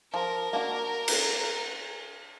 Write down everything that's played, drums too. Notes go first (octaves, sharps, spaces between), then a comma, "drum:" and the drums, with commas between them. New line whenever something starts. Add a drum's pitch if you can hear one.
F3 A#4
A#3 D4 F#4
drum: cymbal